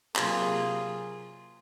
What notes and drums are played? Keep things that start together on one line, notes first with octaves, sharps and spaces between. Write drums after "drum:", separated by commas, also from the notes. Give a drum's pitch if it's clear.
C3 F#3 A#3 F4 G#4, drum: clap